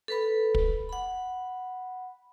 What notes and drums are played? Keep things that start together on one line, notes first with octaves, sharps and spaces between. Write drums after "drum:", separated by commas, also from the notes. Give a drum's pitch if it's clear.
A4 B4 B5
drum: kick
F#5 B5